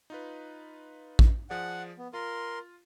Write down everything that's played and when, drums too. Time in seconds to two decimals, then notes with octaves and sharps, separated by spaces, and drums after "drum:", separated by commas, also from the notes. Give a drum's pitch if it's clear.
0.10 D#4 F4 B4
1.19 drum: kick
1.50 F3 G#4 D5 F#5
1.98 B3
2.13 F4 A#4 C6